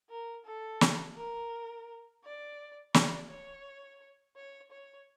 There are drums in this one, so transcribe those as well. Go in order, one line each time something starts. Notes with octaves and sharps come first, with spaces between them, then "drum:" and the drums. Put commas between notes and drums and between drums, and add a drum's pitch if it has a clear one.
A#4
A4
drum: snare
A#4
D5
D5, drum: snare
C#5
C#5
C#5